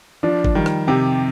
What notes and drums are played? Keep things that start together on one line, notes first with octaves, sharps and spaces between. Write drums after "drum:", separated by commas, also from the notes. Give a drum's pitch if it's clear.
F3 D4
drum: kick
D#3 G3
drum: rim click
C3 G4